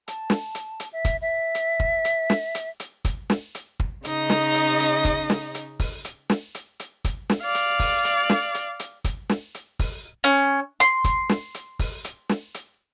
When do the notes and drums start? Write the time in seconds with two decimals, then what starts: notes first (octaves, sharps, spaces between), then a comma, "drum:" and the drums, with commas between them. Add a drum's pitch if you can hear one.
0.08 A5, drum: hi-hat
0.30 drum: snare
0.55 drum: hi-hat
0.80 drum: hi-hat
0.93 E5
1.05 drum: kick, hi-hat
1.21 E5
1.55 drum: hi-hat
1.80 drum: kick
2.05 drum: hi-hat
2.30 drum: snare
2.55 drum: hi-hat
2.80 drum: hi-hat
3.05 drum: kick, hi-hat
3.30 drum: snare
3.55 drum: hi-hat
3.80 drum: kick
4.05 C#3 D#4 D#5, drum: hi-hat
4.30 drum: snare
4.55 drum: hi-hat
4.80 drum: hi-hat
5.05 drum: kick, hi-hat
5.30 drum: snare
5.55 drum: hi-hat
5.80 drum: kick, open hi-hat
6.05 drum: hi-hat
6.30 drum: snare
6.55 drum: hi-hat
6.80 drum: hi-hat
7.05 drum: kick, hi-hat
7.30 drum: snare
7.42 D5 F5
7.55 drum: hi-hat
7.80 drum: kick, open hi-hat
8.05 drum: hi-hat
8.30 drum: snare
8.55 drum: hi-hat
8.79 drum: hi-hat
9.04 drum: kick, hi-hat
9.29 drum: snare
9.54 drum: hi-hat
9.79 drum: kick, open hi-hat
10.24 C#4
10.80 C6, drum: hi-hat
11.04 drum: kick, hi-hat
11.29 drum: snare
11.54 drum: hi-hat
11.79 drum: kick, open hi-hat
12.04 drum: hi-hat
12.29 drum: snare
12.54 drum: hi-hat